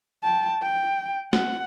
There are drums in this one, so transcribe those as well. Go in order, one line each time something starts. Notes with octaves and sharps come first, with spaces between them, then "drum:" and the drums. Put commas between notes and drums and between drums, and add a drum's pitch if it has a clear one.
G5 A5
G5
F#5, drum: snare